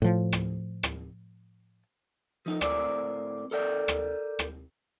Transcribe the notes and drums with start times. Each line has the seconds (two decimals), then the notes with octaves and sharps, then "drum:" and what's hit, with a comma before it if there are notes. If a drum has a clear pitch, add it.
0.02 A2 F3
0.32 drum: rim click
0.83 drum: rim click
2.46 F3 D#4
2.61 A2 C4 A#4 D5, drum: rim click
3.51 A4 A#4 D5 G5
3.88 drum: rim click
4.39 drum: rim click